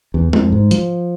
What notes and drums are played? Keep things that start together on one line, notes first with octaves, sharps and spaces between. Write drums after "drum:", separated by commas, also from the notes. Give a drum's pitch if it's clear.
E2
F2, drum: tom G#3
G#2
F3, drum: hi-hat